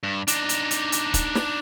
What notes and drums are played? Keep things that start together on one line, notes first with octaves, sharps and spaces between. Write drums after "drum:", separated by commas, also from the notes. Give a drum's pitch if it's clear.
G2
D4 D#4, drum: hi-hat
drum: hi-hat
drum: hi-hat
drum: hi-hat
drum: kick, hi-hat
drum: snare